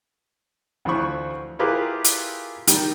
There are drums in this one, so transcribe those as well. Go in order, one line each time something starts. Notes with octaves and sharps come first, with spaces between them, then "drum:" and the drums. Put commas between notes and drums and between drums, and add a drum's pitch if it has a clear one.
D2 E3 F3 C5 B5 C#6
E4 F4 G4 G#4 A#4 B4
drum: hi-hat
D#3 G3, drum: hi-hat